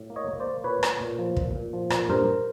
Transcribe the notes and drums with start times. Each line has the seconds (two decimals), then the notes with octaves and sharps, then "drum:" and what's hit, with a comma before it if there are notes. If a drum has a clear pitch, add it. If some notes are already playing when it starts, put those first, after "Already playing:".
Already playing: A2
0.10 A#3
0.16 C#5 D#5
0.28 A#3
0.40 C5 D5
0.46 A#3
0.64 A#2 B4 C#5
0.83 A#2, drum: rim click
1.01 A#2
1.19 F3
1.36 A#2, drum: kick
1.55 A#2
1.73 F3
1.90 A#2, drum: rim click
2.09 G2 A#4 C5